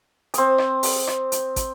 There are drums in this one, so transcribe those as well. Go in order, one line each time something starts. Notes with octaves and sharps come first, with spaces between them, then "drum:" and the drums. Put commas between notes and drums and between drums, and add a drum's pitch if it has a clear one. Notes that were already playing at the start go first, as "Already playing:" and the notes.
C4 D#6, drum: hi-hat
drum: rim click
drum: open hi-hat
drum: rim click
drum: hi-hat
drum: kick, hi-hat